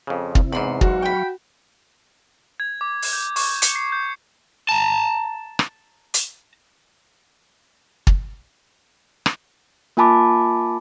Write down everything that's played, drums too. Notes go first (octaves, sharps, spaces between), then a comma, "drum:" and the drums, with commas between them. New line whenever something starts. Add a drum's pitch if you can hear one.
F2 C#3
C3 C4 E4, drum: kick
E2 G#2 B5 C6
F#3 F#4 F5 C#6, drum: kick
G5 B5
G#6
D6
drum: open hi-hat
G6
C#6, drum: open hi-hat
C#7, drum: hi-hat
C7
G6
A5 A#5
drum: rim click
drum: hi-hat
drum: kick
drum: rim click
A#3 F4 G#5 A5 B5 D6